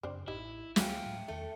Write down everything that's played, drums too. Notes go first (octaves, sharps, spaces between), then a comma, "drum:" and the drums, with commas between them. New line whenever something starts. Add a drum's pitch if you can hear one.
F#2 C#3 C4 D4 C5
A1 D#4 E4 G4 E5
D2 E3 G#3 F4 F#4 G#4 E5 G5, drum: snare
A2 F#3
E2 D#3 A3 D4